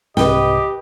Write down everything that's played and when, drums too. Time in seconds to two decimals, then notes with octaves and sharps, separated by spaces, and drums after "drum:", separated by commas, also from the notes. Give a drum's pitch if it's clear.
0.17 C2 G#2 G4 B4 D#5 G5, drum: snare